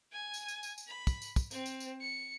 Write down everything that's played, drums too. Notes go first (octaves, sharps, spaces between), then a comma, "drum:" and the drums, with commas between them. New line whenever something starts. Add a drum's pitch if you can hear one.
G#5
drum: tambourine
drum: tambourine
drum: tambourine
drum: tambourine
B5
drum: kick, tambourine
drum: tambourine
drum: kick, tambourine
C4, drum: tambourine
drum: tambourine
drum: tambourine
C#7